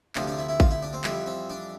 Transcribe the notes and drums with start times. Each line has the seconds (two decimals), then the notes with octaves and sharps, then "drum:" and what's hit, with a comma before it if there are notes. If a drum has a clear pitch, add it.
0.15 D2 C3 F3 D4, drum: clap
0.27 D4
0.39 E4
0.49 E4
0.60 F4, drum: kick A1
0.71 E4
0.83 D4
0.93 C4
1.04 F2 E3 G3 C4, drum: clap
1.26 C4
1.50 D4